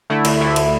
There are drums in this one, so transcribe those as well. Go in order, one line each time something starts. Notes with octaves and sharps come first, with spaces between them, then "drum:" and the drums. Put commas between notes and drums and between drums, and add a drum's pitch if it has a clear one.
D3 A3 E4
D2, drum: cymbal
D3 A3 E4
drum: cymbal